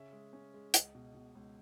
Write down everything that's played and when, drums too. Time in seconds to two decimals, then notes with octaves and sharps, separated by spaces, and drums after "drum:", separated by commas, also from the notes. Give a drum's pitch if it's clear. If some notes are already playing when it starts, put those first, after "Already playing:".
Already playing: C#3 C#4 E5
0.13 G#3
0.33 C#4
0.54 G#3
0.74 C#2 D#5, drum: hi-hat
0.95 B2
1.15 B2
1.35 C#2